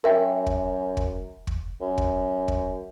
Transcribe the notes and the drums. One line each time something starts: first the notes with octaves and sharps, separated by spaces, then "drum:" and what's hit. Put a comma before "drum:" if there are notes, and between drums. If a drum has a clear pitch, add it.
F#2 A#4 E5 G5
drum: kick
drum: kick
drum: kick
F#2
drum: kick
drum: kick